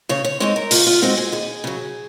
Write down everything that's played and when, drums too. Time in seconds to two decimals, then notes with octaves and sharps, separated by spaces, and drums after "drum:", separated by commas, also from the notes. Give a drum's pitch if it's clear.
0.09 C#3 C#5
0.25 C#5
0.40 G#3 C4 D#4 C#5
0.56 A#4
0.71 C#3 F4, drum: open hi-hat
0.87 F4
1.02 G#3 C4 D#4 F#4
1.17 G#4
1.32 D#2 G#4
1.64 C#3 F#3